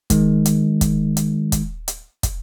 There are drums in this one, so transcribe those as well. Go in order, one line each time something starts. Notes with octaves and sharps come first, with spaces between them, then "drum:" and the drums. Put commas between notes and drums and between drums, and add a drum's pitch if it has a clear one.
D#3 G#3, drum: kick, hi-hat
drum: hi-hat
drum: kick, hi-hat
drum: hi-hat
drum: kick, hi-hat
drum: hi-hat
drum: kick, hi-hat